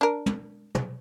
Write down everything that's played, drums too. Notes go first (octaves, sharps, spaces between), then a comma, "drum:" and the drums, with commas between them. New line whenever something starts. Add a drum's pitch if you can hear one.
D4 A#4
drum: tom
drum: tom